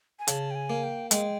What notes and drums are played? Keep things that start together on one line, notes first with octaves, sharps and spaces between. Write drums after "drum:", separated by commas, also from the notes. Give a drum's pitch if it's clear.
G#5
C#3 A5, drum: hi-hat
G5
G#5
A#3
G5
G#3 G5, drum: hi-hat